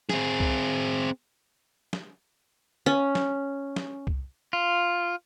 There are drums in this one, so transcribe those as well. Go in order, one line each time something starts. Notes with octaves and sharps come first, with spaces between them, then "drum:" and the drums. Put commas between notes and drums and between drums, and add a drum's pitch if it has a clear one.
C4 G#4, drum: snare
drum: kick C2
drum: snare
C#4
drum: snare
drum: snare
drum: kick C2
F4